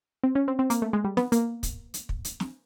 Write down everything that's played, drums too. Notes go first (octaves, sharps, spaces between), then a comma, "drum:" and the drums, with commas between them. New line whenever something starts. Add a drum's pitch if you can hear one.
C4
C#4
C4
C4
A#3, drum: hi-hat
A3
G#3
G3
B3, drum: snare
A#3, drum: hi-hat
drum: kick, hi-hat
drum: hi-hat
drum: kick
drum: hi-hat
drum: snare